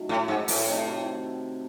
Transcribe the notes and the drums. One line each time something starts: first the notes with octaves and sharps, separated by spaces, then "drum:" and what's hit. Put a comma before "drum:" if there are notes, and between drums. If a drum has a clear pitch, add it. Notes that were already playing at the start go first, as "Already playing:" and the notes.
Already playing: D#3 F#3 A3 C#4
A2
G#2
A2, drum: open hi-hat
C3 D#3 F#3 A3